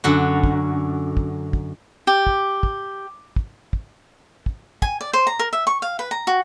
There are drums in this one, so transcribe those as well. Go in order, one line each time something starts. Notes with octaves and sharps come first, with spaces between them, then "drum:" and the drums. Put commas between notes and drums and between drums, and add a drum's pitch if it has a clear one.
F#2 D3 F#4
drum: kick
drum: kick
drum: kick
G4
drum: kick
drum: kick
drum: kick
drum: kick
drum: kick
G#5, drum: kick
D5
C5
A#5
A#4
E5
C#6
F5
B4
A#5
F#4